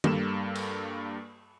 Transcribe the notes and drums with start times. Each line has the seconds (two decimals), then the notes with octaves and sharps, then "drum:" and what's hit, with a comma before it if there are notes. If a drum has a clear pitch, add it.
0.04 G2 G3 A#3 A4 E7, drum: tom D#3
0.55 drum: cymbal